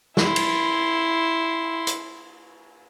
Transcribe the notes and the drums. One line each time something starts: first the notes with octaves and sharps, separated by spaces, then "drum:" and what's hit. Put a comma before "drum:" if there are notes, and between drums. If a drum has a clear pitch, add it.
E4 C6, drum: snare
drum: cymbal
drum: hi-hat